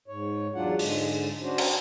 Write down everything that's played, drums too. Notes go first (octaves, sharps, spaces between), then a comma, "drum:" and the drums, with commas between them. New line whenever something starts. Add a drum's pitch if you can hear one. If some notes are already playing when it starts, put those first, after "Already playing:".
G#2 C#5
E2 F#3 D4 F4 F#5
G#2 D3 G#3, drum: open hi-hat
C#4 D4 F#4 C5
drum: cymbal